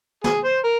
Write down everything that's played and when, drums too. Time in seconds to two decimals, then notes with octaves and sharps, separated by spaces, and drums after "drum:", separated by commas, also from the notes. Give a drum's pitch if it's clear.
0.24 G#4, drum: snare
0.44 C5
0.64 A#4